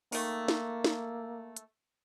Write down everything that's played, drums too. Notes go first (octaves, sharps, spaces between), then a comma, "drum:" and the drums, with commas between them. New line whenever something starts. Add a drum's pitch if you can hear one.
D#3 A3 A#3, drum: open hi-hat
drum: snare
drum: snare
drum: hi-hat